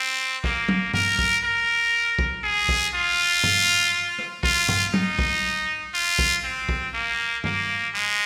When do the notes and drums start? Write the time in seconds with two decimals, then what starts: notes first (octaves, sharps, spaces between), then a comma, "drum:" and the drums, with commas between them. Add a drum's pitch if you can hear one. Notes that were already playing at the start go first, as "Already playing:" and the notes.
Already playing: C4
0.44 A#3, drum: kick
0.69 drum: tom F#3
0.94 A#4, drum: tom G2
1.19 drum: kick
1.43 A#4
2.19 drum: kick
2.43 G#4
2.69 drum: kick
2.94 F4
3.44 drum: tom G2
4.19 drum: rim click
4.43 F4, drum: kick
4.69 drum: tom G2
4.94 D#4, drum: tom F#3
5.19 drum: kick
5.94 F4
6.19 drum: kick
6.43 C4
6.69 drum: kick
6.94 A#3
7.44 A#3, drum: tom G2
7.94 G#3